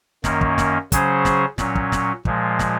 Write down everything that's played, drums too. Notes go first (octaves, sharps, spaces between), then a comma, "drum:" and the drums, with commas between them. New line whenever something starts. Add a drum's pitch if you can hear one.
F#2 D#3 A#3 C#4, drum: snare
drum: kick
drum: snare
C#3 F#3 C#4 G#4 C5, drum: kick, hi-hat
drum: snare
A#2 F#3 C#4, drum: snare
drum: kick
drum: snare
A#2 F3 G#3, drum: kick
drum: snare